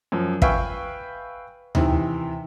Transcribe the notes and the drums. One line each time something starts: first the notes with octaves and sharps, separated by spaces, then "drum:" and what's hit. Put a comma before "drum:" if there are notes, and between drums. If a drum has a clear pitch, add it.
F#2 F3
B4 E5 F5 G5 G#5 C#6, drum: kick
C3 D#3 E3, drum: tom D2